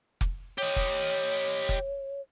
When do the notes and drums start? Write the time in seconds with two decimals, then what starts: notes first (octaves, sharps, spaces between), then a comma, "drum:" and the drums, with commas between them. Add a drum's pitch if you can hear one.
0.21 drum: kick F1
0.58 G4 C#5 D#5
0.76 drum: kick F1
1.69 drum: kick F1